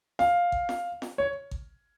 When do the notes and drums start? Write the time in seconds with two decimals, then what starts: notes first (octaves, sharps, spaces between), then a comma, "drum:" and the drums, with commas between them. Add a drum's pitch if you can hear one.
0.19 F5, drum: snare
0.52 drum: kick G#1
0.69 drum: snare
1.02 drum: snare
1.18 C#5
1.51 drum: kick G#1